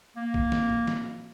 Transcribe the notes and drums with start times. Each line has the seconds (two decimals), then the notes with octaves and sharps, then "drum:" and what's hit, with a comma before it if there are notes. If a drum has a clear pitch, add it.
0.16 A#3
0.34 drum: kick A#1
0.52 drum: snare
0.70 drum: tom A2
0.87 drum: snare